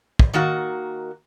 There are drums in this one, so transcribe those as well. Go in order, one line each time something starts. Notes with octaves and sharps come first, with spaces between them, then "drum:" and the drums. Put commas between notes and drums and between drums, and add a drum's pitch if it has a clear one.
drum: kick
D#3 A#3 F#4